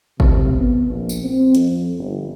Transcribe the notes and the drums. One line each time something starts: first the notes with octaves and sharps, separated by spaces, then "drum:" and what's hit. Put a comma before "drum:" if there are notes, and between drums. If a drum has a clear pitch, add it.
C3, drum: kick
B3
A#1
drum: tambourine
C4
F2, drum: hi-hat
G1